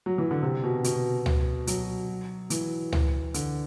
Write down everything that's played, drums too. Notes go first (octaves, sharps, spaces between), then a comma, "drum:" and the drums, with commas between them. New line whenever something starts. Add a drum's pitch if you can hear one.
F#3
E3
D3
C3
B2
B2, drum: hi-hat
drum: tom C#2
F#3, drum: hi-hat
E3, drum: hi-hat
drum: tom C#2
D3, drum: hi-hat